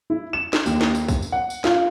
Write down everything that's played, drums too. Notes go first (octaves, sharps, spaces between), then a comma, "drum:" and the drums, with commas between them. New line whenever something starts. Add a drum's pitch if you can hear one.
E4
E7
drum: snare
D#2, drum: tambourine
drum: snare
drum: tambourine
drum: kick, tambourine
drum: tambourine
F#5
drum: tambourine
F4, drum: snare